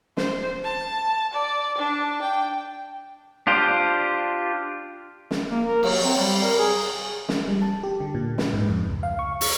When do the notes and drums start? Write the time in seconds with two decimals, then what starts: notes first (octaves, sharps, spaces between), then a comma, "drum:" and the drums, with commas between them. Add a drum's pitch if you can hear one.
0.17 C5, drum: snare
0.64 A5
1.33 D5
1.78 D4
2.22 G5
3.47 D4 F4 G4 C5
5.31 drum: snare
5.51 A#3
5.66 A#4
5.83 F#3, drum: cymbal
6.03 C4
6.18 G3
6.43 A#4
6.59 G#4
7.29 drum: snare
7.48 G3
7.62 A5
7.83 G4
8.00 D3
8.15 A#2
8.38 B4, drum: snare
8.54 G#2
8.69 F2
8.90 C#2
9.03 F5
9.19 C#6
9.41 C#6, drum: open hi-hat